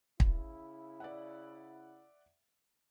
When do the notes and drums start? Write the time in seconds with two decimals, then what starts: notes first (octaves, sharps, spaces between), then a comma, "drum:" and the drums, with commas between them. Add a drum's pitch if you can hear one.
0.20 C#3 E4, drum: kick
1.00 D5 E5 F#5